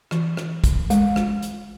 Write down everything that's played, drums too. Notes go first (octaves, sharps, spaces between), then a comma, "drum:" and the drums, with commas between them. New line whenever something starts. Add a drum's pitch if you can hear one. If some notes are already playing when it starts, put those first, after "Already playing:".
E3, drum: rim click
drum: rim click
drum: kick, hi-hat
G#3, drum: hi-hat
drum: rim click
drum: hi-hat